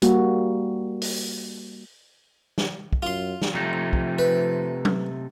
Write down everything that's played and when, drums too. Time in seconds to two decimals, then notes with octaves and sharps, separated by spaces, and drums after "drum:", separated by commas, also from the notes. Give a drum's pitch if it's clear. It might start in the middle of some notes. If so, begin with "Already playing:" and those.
0.02 G3 A#3 F#4, drum: hi-hat
1.02 drum: open hi-hat
2.58 drum: snare
2.93 drum: kick
3.02 F#2 F4 C6
3.42 drum: snare
3.54 C3 F3 A3 D#4
3.93 drum: kick
4.19 B4
4.85 drum: tom F#3